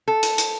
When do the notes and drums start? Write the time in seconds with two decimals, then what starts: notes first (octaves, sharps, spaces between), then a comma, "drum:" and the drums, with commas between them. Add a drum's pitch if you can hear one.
0.08 A4
0.23 drum: hi-hat
0.38 drum: hi-hat